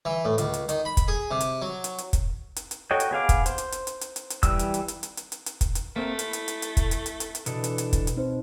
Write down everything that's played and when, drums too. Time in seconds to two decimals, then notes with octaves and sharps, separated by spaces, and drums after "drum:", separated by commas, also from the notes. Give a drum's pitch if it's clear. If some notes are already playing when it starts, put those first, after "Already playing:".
0.05 E3
0.25 A2
0.38 C#2, drum: hi-hat
0.54 drum: hi-hat
0.69 D#3, drum: hi-hat
0.85 B5
0.97 drum: kick, hi-hat
1.08 G#4
1.31 C3
1.40 drum: hi-hat
1.62 F#3
1.84 drum: hi-hat
1.98 drum: hi-hat
2.13 drum: kick, hi-hat
2.56 drum: hi-hat
2.71 drum: hi-hat
2.91 F#4 A4 C#5 D#5 G5
3.00 drum: hi-hat
3.11 B3 G#4 F5 D6
3.29 drum: kick, hi-hat
3.46 C5, drum: hi-hat
3.58 drum: hi-hat
3.72 drum: hi-hat
3.87 drum: hi-hat
4.01 drum: hi-hat
4.16 drum: hi-hat
4.30 drum: hi-hat
4.43 E3 G3 E6, drum: kick, hi-hat
4.59 drum: hi-hat
4.74 drum: hi-hat
4.88 drum: hi-hat
5.03 drum: hi-hat
5.17 drum: hi-hat
5.32 drum: hi-hat
5.46 drum: hi-hat
5.61 drum: kick, hi-hat
5.75 drum: hi-hat
5.96 A3 A#3 C4 A#4
6.19 E4, drum: hi-hat
6.33 drum: hi-hat
6.48 drum: hi-hat
6.62 drum: hi-hat
6.77 drum: kick, hi-hat
6.91 drum: hi-hat
7.06 drum: hi-hat
7.20 drum: hi-hat
7.35 drum: hi-hat
7.46 B2 E3 D4 A4, drum: hi-hat
7.64 drum: hi-hat
7.78 drum: hi-hat
7.93 drum: kick, hi-hat
8.07 drum: hi-hat
8.16 C4 D#4 C5